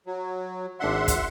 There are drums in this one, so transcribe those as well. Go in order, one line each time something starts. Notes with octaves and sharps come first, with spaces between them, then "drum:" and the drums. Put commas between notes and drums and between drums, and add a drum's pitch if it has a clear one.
F#3
G#1 D4 E5 F#5 A5 C6
drum: kick, hi-hat